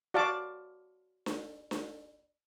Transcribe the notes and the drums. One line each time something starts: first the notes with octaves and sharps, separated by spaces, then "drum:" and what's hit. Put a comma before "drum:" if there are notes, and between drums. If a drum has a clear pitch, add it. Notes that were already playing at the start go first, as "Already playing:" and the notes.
F#4 D5 F5 A5 D6
drum: snare D4
drum: snare D4